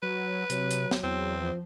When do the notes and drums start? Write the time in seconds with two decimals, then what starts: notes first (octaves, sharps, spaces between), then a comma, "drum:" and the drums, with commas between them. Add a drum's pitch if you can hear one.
0.02 F#3 B4
0.50 C3 F#3, drum: hi-hat
0.71 drum: hi-hat
0.91 drum: snare
1.03 E2 C4
1.40 F3